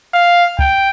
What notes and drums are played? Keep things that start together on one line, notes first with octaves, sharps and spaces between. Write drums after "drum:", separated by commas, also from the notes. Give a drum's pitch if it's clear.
F5
G5, drum: kick C#2